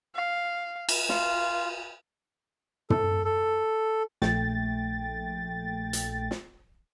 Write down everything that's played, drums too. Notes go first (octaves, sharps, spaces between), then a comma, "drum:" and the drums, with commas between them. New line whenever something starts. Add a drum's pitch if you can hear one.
F5
drum: cymbal
F4, drum: snare
A4, drum: tom
A4
A#1 A3 G5 A6, drum: snare
drum: hi-hat
drum: snare